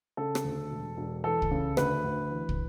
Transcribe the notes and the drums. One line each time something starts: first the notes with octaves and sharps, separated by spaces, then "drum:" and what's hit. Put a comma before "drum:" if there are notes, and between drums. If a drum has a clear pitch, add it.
C#3 A4
drum: rim click
D2
E1
E1
E3 A4
drum: kick
C#3
D2 B4, drum: rim click
D2
E3
drum: kick